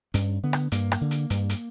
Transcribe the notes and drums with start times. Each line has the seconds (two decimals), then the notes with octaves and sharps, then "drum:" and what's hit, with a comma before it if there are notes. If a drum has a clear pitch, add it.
0.14 G2 C#4, drum: hi-hat
0.43 D3 B3
0.53 drum: rim click
0.72 G2 A#3, drum: hi-hat
0.92 drum: rim click
1.01 D3
1.11 drum: hi-hat
1.30 G2, drum: hi-hat
1.49 drum: hi-hat